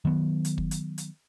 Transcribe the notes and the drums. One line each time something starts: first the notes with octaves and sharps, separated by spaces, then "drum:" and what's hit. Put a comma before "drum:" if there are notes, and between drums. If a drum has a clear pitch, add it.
D#3 F#3 B3
drum: hi-hat
drum: kick
drum: hi-hat
drum: hi-hat